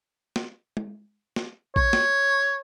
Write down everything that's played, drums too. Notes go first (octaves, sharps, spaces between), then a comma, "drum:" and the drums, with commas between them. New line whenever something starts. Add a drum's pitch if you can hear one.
drum: snare
drum: tom G#3
drum: snare
C#5, drum: kick A#1
drum: snare